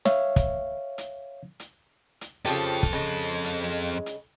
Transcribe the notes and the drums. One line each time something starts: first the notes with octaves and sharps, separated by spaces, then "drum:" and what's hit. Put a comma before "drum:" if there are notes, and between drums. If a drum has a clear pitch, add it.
C#5 E5 F5, drum: snare
drum: kick, hi-hat
drum: hi-hat
drum: hi-hat
drum: hi-hat
F2 C#3 F3 G4 A4
drum: kick, hi-hat
C#3 G#3
drum: hi-hat
drum: hi-hat